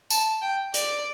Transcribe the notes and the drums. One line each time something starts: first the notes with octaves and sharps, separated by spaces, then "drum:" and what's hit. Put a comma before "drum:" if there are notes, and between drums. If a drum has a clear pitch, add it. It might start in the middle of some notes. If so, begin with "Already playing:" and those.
A5, drum: tambourine
G5
D5, drum: hi-hat